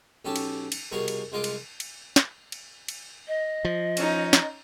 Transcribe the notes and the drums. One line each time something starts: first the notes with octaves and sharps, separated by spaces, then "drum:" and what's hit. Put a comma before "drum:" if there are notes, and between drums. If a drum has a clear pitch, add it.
B1 C#4 G4 A4 A5
drum: cymbal
drum: cymbal
C2 B2 G#4 A#4 A#5 C#6
drum: cymbal
C2 G#3 F4 D#5 D6
drum: cymbal
drum: cymbal
drum: snare
drum: cymbal
drum: cymbal
D#5
F3
C#4 D#4, drum: cymbal
drum: snare